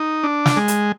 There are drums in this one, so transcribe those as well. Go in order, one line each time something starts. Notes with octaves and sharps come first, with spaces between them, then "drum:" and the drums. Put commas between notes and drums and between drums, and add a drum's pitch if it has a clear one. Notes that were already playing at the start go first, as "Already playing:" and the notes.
Already playing: D#4
D4
drum: snare
G#3
drum: hi-hat